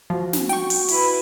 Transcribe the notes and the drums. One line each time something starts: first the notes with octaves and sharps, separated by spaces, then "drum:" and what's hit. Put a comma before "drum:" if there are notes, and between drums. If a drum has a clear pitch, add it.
F3 F#4
drum: snare
G5 C#6, drum: hi-hat
drum: open hi-hat
E4 B4, drum: open hi-hat